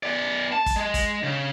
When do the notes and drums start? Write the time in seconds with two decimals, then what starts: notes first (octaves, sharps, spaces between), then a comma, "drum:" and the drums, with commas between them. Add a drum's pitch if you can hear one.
0.03 B3 D5
0.52 A5
0.66 drum: kick, hi-hat
0.76 G#3
0.94 drum: kick, hi-hat
1.23 C#3